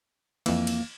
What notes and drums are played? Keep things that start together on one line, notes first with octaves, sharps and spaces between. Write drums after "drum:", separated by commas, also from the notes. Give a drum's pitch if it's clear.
F2 E3 A#3, drum: cymbal
drum: cymbal